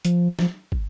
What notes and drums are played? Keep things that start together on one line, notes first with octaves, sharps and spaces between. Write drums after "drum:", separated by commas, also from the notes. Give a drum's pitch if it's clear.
F3, drum: hi-hat
F3, drum: snare F#3
drum: kick